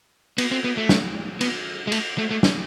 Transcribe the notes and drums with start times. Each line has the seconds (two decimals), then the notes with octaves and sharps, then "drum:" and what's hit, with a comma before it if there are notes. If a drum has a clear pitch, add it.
0.38 B3, drum: cymbal
0.51 C4
0.64 B3
0.77 A3
0.89 drum: snare
1.41 B3, drum: cymbal
1.87 G#3
1.92 A3, drum: cymbal
2.18 A3
2.31 A3
2.43 drum: snare